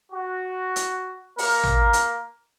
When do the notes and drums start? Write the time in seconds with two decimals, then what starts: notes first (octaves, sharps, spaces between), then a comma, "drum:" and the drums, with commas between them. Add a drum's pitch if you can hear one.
0.12 F#4
0.76 drum: hi-hat
1.38 A#3 A#4, drum: open hi-hat
1.63 drum: tom
1.93 drum: hi-hat